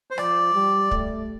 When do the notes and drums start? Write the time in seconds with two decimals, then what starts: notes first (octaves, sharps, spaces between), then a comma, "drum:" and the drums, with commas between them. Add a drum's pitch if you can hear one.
0.11 C5
0.18 F3 D5, drum: rim click
0.54 G3
0.91 A3, drum: kick